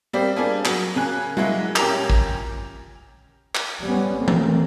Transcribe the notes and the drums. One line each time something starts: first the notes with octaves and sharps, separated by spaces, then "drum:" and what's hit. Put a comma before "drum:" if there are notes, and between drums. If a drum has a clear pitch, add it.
G3 A#3 C4 G4 D5
G3 A#3 D4 F4 G#4 D5
F#3, drum: clap
C#3 A#3 G#5 F#6
F#3 G#3 A#3 E4 F#4, drum: tom G3
A#2 C#4 G4 A#4 F7, drum: clap
drum: kick A1
drum: clap
G3 B3 C#4
D#3 E3 A3 A#3 C4
drum: tom E3